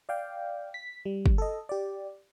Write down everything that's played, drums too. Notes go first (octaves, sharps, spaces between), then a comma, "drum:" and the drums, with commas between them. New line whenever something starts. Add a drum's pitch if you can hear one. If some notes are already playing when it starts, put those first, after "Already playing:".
D5 F5 G5
B6
G3
drum: kick
A4 D#5
G4 D5